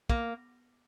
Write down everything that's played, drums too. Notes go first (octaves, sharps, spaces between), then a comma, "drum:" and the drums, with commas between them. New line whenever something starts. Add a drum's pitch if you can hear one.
A#3, drum: kick